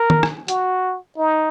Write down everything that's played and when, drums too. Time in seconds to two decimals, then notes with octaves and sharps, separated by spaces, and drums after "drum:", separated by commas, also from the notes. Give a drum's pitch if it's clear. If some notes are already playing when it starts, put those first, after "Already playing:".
Already playing: A#4
0.10 drum: tom D#3
0.23 drum: rim click
0.48 F#4, drum: hi-hat
1.17 D#4